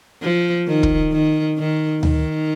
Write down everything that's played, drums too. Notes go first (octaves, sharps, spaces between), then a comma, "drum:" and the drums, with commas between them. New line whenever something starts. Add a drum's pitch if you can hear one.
F3
D#3
drum: kick
D#3
D#3
D#3, drum: tom D2